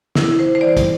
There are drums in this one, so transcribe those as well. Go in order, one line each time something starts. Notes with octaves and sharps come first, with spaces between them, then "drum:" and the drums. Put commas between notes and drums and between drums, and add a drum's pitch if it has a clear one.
C3 E4, drum: snare
C5
C5
E3 G3 D5
drum: kick, hi-hat